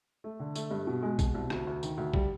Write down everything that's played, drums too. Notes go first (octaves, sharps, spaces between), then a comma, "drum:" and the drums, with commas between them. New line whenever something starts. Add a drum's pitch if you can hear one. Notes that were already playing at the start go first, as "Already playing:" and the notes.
A3
D3
A3, drum: tambourine
G2
B2
G#3
B2, drum: kick, tambourine
C2
D2, drum: rim click
D2
D#3, drum: tambourine
D2
G3, drum: kick